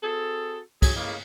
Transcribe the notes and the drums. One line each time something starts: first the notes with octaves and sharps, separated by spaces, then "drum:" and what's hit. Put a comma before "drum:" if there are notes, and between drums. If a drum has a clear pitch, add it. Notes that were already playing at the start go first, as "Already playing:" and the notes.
C4 F#4 G#4 A4
F#3 G#4, drum: kick, cymbal
A2 C#3 G#3 A#3